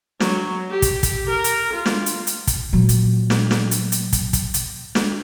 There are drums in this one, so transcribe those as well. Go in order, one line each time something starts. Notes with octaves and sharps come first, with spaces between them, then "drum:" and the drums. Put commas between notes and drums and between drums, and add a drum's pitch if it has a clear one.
F#3, drum: snare
G4
drum: kick, hi-hat
drum: kick, hi-hat
A#4
drum: hi-hat
F4
drum: snare
drum: hi-hat
drum: hi-hat
drum: kick, hi-hat
A#2 F#3
drum: hi-hat
drum: snare
drum: snare
drum: hi-hat
drum: hi-hat
drum: kick, hi-hat
drum: kick, hi-hat
drum: hi-hat
drum: snare